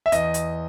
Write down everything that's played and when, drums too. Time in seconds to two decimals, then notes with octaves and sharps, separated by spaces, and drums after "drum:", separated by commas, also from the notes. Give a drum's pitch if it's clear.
0.06 E5
0.12 E2 D#5, drum: hi-hat
0.34 drum: hi-hat